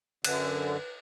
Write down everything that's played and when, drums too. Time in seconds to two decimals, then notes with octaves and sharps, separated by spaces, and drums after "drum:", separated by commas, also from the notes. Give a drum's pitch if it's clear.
0.24 F#2 D3 B4 F#6, drum: cymbal